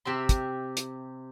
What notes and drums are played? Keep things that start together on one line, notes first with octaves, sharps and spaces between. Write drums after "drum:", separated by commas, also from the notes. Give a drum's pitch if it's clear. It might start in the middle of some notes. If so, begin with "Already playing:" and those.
C3 G4 E5 C6
drum: kick, hi-hat
drum: hi-hat